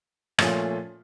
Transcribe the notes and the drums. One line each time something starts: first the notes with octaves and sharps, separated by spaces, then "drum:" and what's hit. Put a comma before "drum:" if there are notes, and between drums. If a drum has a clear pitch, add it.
A#2 F3 A3 C#4 F4, drum: rim click